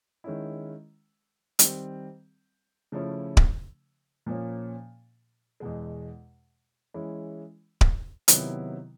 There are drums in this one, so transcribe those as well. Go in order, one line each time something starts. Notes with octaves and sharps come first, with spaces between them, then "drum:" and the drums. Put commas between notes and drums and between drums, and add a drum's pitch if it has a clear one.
D#3 G#3 C#4 E4
D#3 G3 C4, drum: hi-hat
C#3 F3 A3 C#4 E4
drum: kick D1
A#2 F3 A#3 C#4
E2 B2 G#3
E3 G#3 C#4 E4
drum: kick D1
C3 D#3 F#3 B3 E4, drum: hi-hat